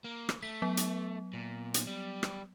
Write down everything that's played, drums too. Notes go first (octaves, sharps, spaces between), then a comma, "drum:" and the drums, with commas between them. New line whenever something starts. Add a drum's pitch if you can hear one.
A#3
drum: rim click
A3 B6
F#3 B3
drum: hi-hat
A#2
drum: hi-hat
G3
drum: rim click